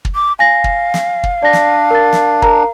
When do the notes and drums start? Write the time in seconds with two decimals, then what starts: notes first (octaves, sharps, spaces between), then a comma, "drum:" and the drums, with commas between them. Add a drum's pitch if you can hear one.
0.05 drum: kick
0.15 D6
0.39 F5 G#5 A#6
0.64 drum: kick
0.94 drum: snare
1.24 drum: kick
1.43 D4 D5 A#6
1.53 drum: snare
1.91 A#4 A6
2.13 drum: snare
2.42 A#4 A#5, drum: kick